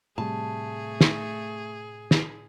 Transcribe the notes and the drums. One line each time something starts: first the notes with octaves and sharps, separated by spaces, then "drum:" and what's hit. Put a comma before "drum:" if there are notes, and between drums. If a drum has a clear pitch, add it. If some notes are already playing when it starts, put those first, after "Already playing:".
A2 C3 G3 A3 G#4 A5
drum: snare
drum: snare